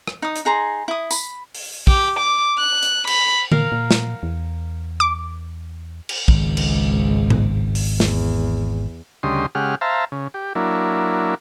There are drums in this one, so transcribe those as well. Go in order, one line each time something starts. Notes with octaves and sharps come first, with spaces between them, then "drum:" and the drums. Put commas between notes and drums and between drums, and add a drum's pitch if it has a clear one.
drum: rim click
D#4 D#6
drum: hi-hat
D#4 G#4 A#5 C6
E4 D#6
B5, drum: tambourine
drum: open hi-hat
G4, drum: kick
D6
F#6
drum: hi-hat
B5, drum: cymbal
A#2 A#4 F5, drum: tom D3
A#2
drum: snare
E2
D6
drum: cymbal
G#1 C#2 G#2, drum: kick
drum: cymbal
drum: tom A2
drum: open hi-hat
E2, drum: snare
D2 C#3 G3 D#5 C6
C#3 G#3 G4 F#5 F6
C5 E5 F5 A5 A#5
C#3
G4
F#3 A#3 D4 E4